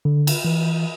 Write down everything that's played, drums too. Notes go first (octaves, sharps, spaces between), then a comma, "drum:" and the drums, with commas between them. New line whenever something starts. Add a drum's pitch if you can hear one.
D3
drum: cymbal
E3